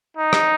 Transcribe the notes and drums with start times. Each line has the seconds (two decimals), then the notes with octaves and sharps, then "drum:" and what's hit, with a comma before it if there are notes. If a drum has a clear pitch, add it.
0.17 D#4
0.33 drum: rim click